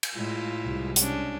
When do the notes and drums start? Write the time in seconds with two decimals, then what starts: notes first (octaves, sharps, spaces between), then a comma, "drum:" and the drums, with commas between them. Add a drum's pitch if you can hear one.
0.03 drum: cymbal
0.15 A2 G#3 E4 F4
0.64 C2 G#3
0.96 C#4 D4, drum: hi-hat